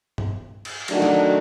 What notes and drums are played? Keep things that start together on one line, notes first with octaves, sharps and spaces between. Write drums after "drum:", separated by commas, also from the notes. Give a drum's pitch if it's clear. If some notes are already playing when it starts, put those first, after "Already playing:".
drum: tom G2
drum: cymbal
D#3 F#3 A3 D4 F#4, drum: cymbal
drum: snare